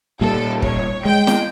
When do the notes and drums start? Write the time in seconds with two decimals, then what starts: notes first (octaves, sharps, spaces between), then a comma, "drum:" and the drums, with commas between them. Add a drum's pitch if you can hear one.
0.21 A#2 G3 A4
0.62 C#5, drum: kick
1.05 G#3 G5
1.27 drum: snare